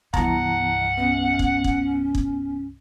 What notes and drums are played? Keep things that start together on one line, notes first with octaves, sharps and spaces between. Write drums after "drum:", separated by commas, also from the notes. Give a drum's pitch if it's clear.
C2 G2 E3 B3 F#5 A5 A#5, drum: kick
B3 C#4
drum: kick
drum: kick
drum: kick